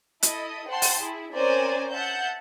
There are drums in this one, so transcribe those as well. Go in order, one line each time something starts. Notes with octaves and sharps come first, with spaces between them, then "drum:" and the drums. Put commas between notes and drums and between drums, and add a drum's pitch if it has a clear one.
E4 A4 D#5, drum: hi-hat
C5 F#5 G5 A5 C6
drum: open hi-hat
E4 G#4
C4 C#4 A#4 C5 D5 G#5
E5 F#5 A5 G6